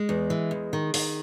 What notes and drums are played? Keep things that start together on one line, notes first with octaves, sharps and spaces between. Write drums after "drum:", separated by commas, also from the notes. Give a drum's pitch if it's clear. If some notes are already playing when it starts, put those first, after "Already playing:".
Already playing: G#3
E2
E3
E2
D#3
D#3, drum: open hi-hat